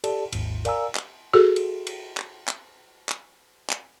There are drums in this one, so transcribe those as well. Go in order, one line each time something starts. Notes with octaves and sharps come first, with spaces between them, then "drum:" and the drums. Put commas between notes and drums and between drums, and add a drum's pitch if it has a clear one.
G4 A4 D5 A5, drum: cymbal
G#1 D#2 G#2, drum: cymbal
A#4 D5 F5 G#5 A#5 E6, drum: cymbal
drum: clap
F#4 G#4 A4
drum: cymbal
drum: cymbal
drum: clap
drum: clap
drum: clap
drum: clap